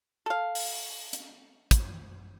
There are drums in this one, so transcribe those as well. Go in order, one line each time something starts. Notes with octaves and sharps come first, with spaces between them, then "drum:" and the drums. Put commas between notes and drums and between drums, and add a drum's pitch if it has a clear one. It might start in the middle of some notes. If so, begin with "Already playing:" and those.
A4 F5
drum: open hi-hat
drum: hi-hat
drum: kick, hi-hat